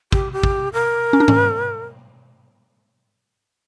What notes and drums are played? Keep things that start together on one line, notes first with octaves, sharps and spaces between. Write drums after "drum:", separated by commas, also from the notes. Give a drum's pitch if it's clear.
G4, drum: kick
G4
drum: kick
A#4
C#4
D4
C#4, drum: tom G#2